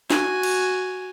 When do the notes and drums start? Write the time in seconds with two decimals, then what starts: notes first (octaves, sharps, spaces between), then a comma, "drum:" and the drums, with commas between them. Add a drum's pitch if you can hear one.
0.10 F#4 G#5, drum: snare
0.43 drum: cymbal